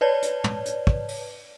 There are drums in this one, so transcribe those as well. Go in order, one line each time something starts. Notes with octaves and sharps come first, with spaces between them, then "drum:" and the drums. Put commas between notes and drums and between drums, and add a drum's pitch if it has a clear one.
B4 C#5 D5 A5
drum: hi-hat
drum: tom
drum: hi-hat
drum: kick
drum: open hi-hat